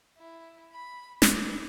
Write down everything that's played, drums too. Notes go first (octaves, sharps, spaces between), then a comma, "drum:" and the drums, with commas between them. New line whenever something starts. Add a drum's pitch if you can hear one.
E4
B5
D6, drum: snare